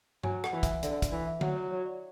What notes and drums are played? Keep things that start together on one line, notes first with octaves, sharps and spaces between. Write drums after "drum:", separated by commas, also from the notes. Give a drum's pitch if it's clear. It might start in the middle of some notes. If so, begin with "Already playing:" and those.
F#3 G#5, drum: tom G2
F#5, drum: rim click
E3
E5, drum: kick, hi-hat
D3 D5, drum: hi-hat
drum: kick, hi-hat
E3 D5
E5
F#3 F#5, drum: tom D3
C#5
C#5
D5